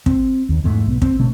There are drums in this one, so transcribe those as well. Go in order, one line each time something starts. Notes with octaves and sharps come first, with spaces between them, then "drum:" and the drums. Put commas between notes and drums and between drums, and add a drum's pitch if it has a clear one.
C4, drum: kick
D#2
E2 G#2 G#3 A3
B1 B3
C4, drum: kick
B2 A3 C#4